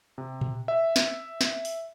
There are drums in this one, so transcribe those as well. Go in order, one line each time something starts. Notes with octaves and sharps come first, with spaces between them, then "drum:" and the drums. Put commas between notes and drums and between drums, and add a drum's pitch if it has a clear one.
C3
drum: tom A#2
E5
drum: snare
drum: snare
drum: open hi-hat